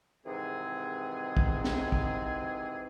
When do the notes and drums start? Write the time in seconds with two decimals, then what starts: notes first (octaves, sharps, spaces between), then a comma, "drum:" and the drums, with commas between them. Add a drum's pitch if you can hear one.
0.25 G#2 C3 D#3 E3 C4 G#4
1.37 drum: kick
1.64 drum: snare
1.92 drum: kick